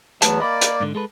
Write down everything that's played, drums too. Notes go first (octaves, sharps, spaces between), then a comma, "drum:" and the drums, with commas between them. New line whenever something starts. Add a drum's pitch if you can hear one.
E2 F#3 A3 B3 A5, drum: hi-hat
A#3 D5 D#5 B5
drum: hi-hat
G#2 D3
G#3 A4 B4